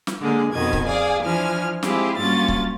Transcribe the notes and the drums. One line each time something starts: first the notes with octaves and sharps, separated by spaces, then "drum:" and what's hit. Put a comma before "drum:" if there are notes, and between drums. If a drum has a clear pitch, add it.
drum: snare
D3 G#3 A#3 G#4
F2 B2 D#3 D#5 G#6
drum: kick C#1
G#4 D5 F5 G#5
E3 F3 D4 G#5 F6
G#3 C4 E4 F4 G4 G#4, drum: snare
G2 F#3 A#3 C#4 F4 A6
drum: kick C#1